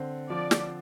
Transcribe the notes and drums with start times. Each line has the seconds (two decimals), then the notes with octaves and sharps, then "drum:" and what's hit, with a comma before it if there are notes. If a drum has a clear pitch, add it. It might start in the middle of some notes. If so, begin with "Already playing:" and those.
Already playing: D3 C4
0.30 F3 D5
0.51 drum: snare